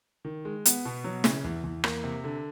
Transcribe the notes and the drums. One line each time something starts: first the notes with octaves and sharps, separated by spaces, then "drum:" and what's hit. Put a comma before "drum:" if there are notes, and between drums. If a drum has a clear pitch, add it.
D#3
G#3
B3, drum: hi-hat
B2
F#3
C#3, drum: snare
E2
E2
A#3, drum: rim click
C3
D3